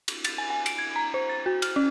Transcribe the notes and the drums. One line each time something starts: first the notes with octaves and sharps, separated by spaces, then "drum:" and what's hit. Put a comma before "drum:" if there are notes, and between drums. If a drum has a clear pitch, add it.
drum: cymbal
A6, drum: cymbal
G#5
G#5
D7, drum: cymbal
G#6
A#5
C5
A6
F#4
F6, drum: cymbal
C#4